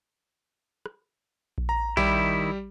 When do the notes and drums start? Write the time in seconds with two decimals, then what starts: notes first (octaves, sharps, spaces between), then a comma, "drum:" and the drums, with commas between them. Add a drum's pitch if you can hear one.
0.86 drum: rim click
1.58 drum: kick A#1
1.69 A#5
1.97 D#3 G3 E4 G4, drum: kick A#1